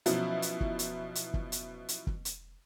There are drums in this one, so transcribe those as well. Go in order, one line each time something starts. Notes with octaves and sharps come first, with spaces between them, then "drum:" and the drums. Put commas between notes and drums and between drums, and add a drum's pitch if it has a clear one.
B2 F3 F#3 C#4 E4, drum: hi-hat
drum: hi-hat
drum: kick
drum: hi-hat
drum: hi-hat
drum: kick
drum: hi-hat
drum: hi-hat
drum: kick
drum: hi-hat